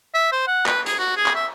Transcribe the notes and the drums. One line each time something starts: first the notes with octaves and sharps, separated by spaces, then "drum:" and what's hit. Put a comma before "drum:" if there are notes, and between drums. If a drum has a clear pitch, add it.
E5
C5
F#5
B4, drum: clap
G#4, drum: hi-hat
F#4
G#4
drum: clap
E5